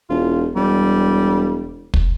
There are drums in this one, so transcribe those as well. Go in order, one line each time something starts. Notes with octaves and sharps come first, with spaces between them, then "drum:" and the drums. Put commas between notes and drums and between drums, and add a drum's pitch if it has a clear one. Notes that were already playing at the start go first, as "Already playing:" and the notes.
E1 F4
E1 G3
drum: kick